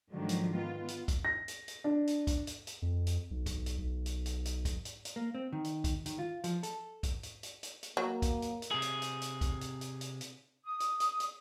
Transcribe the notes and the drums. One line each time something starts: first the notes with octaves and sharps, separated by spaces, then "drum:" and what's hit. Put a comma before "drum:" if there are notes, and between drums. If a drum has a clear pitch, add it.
G#2 D3 D#3 F3 F#3
drum: hi-hat
B3 F4
drum: hi-hat
drum: kick, hi-hat
A#6
drum: hi-hat
drum: hi-hat
D4
drum: hi-hat
drum: kick, hi-hat
drum: hi-hat
drum: hi-hat
F2
drum: hi-hat
B1
drum: kick, hi-hat
drum: hi-hat
B1
drum: hi-hat
drum: hi-hat
drum: hi-hat
drum: kick, hi-hat
drum: hi-hat
drum: hi-hat
A#3
C4
D#3
drum: hi-hat
drum: kick, hi-hat
D#3, drum: hi-hat
F4
F3, drum: hi-hat
A4, drum: hi-hat
drum: kick, hi-hat
drum: hi-hat
drum: hi-hat
drum: hi-hat
drum: hi-hat
F#3 A#3
drum: kick, hi-hat
drum: hi-hat
drum: hi-hat
C3 G#4
drum: hi-hat
drum: hi-hat
drum: hi-hat
drum: kick, hi-hat
drum: hi-hat
drum: hi-hat
drum: hi-hat
drum: hi-hat
D#6
drum: hi-hat
drum: hi-hat
drum: hi-hat